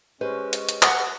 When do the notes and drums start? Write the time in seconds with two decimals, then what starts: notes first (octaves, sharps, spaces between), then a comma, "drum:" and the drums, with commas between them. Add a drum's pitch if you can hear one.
0.21 G#3 C#4 G4 B4 C5 D#5
0.53 drum: hi-hat
0.69 drum: hi-hat
0.82 F#5, drum: clap